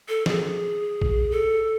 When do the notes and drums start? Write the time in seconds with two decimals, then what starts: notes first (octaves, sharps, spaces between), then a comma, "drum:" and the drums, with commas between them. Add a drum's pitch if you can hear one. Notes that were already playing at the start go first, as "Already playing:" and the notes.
0.09 A4
0.26 G#4, drum: snare F3
1.02 drum: kick A#1
1.31 A4